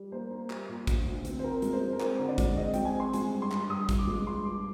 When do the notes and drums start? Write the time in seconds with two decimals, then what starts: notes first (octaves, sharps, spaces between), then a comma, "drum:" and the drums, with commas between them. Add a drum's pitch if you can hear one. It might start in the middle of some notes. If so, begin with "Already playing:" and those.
Already playing: G3
0.12 A#3 C5
0.31 A#3
0.50 G3, drum: clap
0.69 A#2
0.87 D2, drum: kick, hi-hat
1.06 D2
1.25 C4, drum: hi-hat
1.39 C5
1.44 C4 A#4
1.62 G#3, drum: hi-hat
1.73 C5
1.81 G#3
1.93 A#4
2.00 C4 C5, drum: clap
2.19 D3
2.28 D5
2.38 G#3, drum: kick, hi-hat
2.56 C4 D#5
2.74 G#3 G5, drum: hi-hat
2.85 G#5
2.95 C4
3.00 C6
3.13 G#3 G#5, drum: hi-hat
3.32 G2
3.42 C6
3.52 G2, drum: clap
3.69 G2 D#6
3.89 G2, drum: kick, hi-hat
3.99 D6
4.07 G#3
4.26 F3 C6
4.45 G2 D6